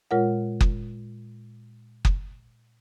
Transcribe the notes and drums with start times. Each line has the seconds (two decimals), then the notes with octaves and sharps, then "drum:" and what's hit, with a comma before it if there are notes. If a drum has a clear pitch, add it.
0.11 A#2 G#3 F4 A#4 C#5 F#5
0.61 drum: kick F#1
2.05 drum: kick F#1